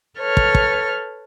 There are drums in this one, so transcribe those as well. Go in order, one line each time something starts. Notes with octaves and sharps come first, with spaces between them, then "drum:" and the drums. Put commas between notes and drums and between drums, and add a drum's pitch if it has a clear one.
A4 B4 C#5 F6
drum: kick
drum: kick